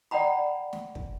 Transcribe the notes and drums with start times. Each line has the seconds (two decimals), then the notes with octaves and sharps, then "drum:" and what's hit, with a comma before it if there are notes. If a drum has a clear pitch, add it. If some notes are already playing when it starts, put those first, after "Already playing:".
0.11 D5 F#5 G5 A#5 B5
0.73 drum: snare
0.95 drum: kick